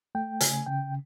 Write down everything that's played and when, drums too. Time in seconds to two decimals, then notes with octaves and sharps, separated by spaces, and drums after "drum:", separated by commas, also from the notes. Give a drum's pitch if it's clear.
0.15 A3 G5
0.41 C#3 G#5, drum: hi-hat
0.66 C#3 G5